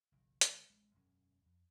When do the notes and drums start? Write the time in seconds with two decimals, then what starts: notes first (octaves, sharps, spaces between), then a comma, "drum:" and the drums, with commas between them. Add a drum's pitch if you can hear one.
0.12 F#1 B1 D#3
0.41 D3 G#3, drum: hi-hat
0.70 A1 G#3
0.94 E1 F#2 C#4
1.46 F2